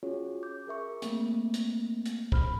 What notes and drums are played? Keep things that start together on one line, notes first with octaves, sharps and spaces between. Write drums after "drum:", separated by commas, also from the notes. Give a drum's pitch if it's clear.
C#4 F4 F#4 G#4 C#5
D6 G6
G#4 A#4 E5 C#6
A3 A#3 C4, drum: hi-hat
drum: hi-hat
drum: hi-hat
C5 B5 F6, drum: kick